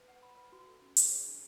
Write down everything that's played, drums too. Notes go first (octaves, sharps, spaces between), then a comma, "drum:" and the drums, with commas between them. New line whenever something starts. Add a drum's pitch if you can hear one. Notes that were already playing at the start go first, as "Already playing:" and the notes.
Already playing: B4
F#5
B5
B4
F#4
A4
C#4
G#4, drum: hi-hat
C#5
D4